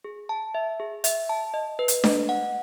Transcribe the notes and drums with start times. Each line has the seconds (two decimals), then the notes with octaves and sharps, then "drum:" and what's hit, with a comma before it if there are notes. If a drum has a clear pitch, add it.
0.04 G#4
0.29 A5
0.55 E5
0.80 G#4
1.04 E5, drum: hi-hat
1.29 A5
1.54 D#5
1.79 B4
1.88 drum: hi-hat
2.04 D#5, drum: snare D4
2.29 F#5